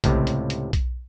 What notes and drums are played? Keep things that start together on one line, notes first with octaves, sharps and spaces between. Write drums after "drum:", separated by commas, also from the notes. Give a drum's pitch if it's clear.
C#2 A2 C3, drum: kick B1, hi-hat
drum: hi-hat
drum: hi-hat
drum: kick B1, hi-hat